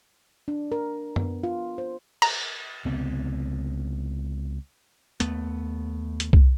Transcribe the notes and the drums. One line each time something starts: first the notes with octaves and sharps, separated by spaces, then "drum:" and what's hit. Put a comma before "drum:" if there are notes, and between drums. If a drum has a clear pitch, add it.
D4
A#4
B3, drum: tom F#2
F4
C5
A#5, drum: cymbal
C#2 C3 B3 C4
D#2 A3 B3, drum: hi-hat
drum: hi-hat
drum: kick C2